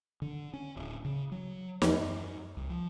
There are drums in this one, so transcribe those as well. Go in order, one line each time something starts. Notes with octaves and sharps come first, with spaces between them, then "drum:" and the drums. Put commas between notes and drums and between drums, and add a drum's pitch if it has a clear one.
D3
C#4
D1
C#3
F#3
E2, drum: snare
F#2
C2
F3